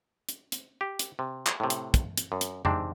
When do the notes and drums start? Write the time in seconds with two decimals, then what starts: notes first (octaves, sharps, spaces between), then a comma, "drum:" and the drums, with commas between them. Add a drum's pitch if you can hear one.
0.29 drum: hi-hat
0.52 drum: hi-hat
0.81 G4
0.99 drum: hi-hat
1.19 C3
1.47 drum: clap
1.60 A2 C3
1.70 drum: hi-hat
1.94 drum: kick, hi-hat
2.18 drum: hi-hat
2.32 F#2
2.41 drum: hi-hat
2.65 G#2 C3 C4 D4, drum: tom F2